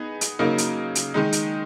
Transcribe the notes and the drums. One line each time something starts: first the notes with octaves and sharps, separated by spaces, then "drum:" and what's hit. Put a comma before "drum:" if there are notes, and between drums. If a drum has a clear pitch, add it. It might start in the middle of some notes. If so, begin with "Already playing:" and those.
Already playing: B3 D#4 G#4
drum: hi-hat
C#3 F#3 A#3 D#4 A#4
drum: hi-hat
drum: hi-hat
D#3 G#3 D#4
drum: hi-hat